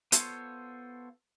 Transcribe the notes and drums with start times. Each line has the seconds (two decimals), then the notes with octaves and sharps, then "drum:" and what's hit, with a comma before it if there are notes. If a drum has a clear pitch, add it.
0.12 B3 F4 A4 C5 C#5, drum: hi-hat